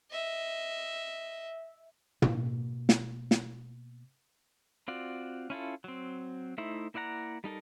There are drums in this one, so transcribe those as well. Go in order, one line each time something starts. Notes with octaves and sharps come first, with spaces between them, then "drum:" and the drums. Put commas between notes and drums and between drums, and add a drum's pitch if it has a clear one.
D#5 E5
B2 A#3, drum: tom
drum: snare
drum: snare
C4 F4 F#4 D5
C#4 E4 F4 A4
F#3 C4
A3 D#4 E4 C5 E5
A#3 E4 D5 F#5 A#5
G3 D#4 A4 A#4